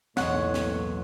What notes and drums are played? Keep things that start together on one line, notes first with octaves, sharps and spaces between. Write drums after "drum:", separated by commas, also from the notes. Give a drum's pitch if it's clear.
B1 E2 A2 A#3 C#5 F#5, drum: snare
drum: snare